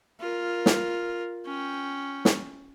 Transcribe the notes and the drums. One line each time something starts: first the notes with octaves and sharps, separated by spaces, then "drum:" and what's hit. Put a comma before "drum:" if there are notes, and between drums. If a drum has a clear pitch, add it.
F4 A#4
drum: snare
C#4 G5
drum: snare